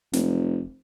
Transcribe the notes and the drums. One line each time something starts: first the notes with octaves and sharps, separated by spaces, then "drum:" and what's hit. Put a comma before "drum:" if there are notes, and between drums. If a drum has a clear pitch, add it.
F1, drum: snare